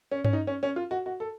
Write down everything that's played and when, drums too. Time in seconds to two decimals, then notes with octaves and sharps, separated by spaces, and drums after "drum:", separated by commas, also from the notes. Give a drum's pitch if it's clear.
0.11 C#4
0.24 C#4, drum: tom G2
0.33 D#4
0.47 C#4
0.63 C#4
0.76 F4
0.91 F#4
1.06 F#4
1.20 A4